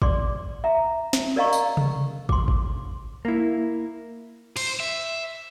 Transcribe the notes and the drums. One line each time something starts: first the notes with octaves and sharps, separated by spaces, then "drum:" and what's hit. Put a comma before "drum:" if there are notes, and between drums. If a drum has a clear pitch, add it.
D5 C6 D6, drum: kick
E5 A#5
drum: snare
A#4 D5 D#5 F5 A#5 C#6
drum: tambourine
drum: tom C3
C6 D6, drum: kick
drum: kick
A#3 E4
C5, drum: cymbal
E5